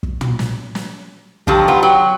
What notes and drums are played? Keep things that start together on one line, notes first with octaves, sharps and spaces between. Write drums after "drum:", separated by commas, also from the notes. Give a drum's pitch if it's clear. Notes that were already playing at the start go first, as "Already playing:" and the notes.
drum: kick
drum: tom
drum: snare
drum: snare
D3 F3 F#3 G4, drum: kick
D#3 B3 F4
F#3 G5